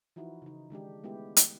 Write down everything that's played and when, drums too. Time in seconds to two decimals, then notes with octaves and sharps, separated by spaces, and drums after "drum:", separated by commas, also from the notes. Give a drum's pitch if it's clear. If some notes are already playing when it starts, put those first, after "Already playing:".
0.16 E3 F3 D#4 E4 F#4
0.42 C#3 D#4
0.70 D#3 G#3 D4 G4
1.04 G#3 A3 B3 E4 G4
1.37 drum: hi-hat